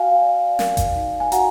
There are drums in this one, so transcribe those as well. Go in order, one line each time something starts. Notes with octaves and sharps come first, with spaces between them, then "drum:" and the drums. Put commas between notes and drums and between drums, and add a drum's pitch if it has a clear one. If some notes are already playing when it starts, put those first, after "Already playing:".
Already playing: F#4 F5 G#5
D5
A#4, drum: snare
drum: kick G1, hi-hat
D#4
G#5
F#4 F#5 A#5, drum: hi-hat